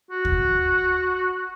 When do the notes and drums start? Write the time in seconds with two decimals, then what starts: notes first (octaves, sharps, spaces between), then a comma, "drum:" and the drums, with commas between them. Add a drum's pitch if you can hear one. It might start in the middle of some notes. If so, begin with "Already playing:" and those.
0.11 F#4
0.25 drum: kick